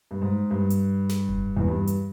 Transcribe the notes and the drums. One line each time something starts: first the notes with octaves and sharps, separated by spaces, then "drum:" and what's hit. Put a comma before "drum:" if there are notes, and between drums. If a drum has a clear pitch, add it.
G2
G#2
G2
drum: hi-hat
drum: snare
drum: kick F1
E2
G2
drum: hi-hat